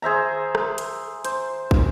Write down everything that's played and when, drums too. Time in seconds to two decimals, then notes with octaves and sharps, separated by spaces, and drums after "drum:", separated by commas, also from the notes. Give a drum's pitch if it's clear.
0.02 G#4 C5 E5 A#5
0.55 drum: rim click
0.78 drum: hi-hat
1.25 C5, drum: hi-hat
1.71 drum: kick